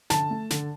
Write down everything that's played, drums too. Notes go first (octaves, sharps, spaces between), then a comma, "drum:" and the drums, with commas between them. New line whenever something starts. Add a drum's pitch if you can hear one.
D3 A5, drum: snare
A3
D3, drum: snare